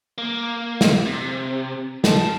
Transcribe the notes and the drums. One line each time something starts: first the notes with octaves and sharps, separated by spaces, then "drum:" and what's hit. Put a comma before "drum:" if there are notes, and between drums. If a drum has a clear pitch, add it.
A#3
drum: snare
C3
F#3 A5, drum: snare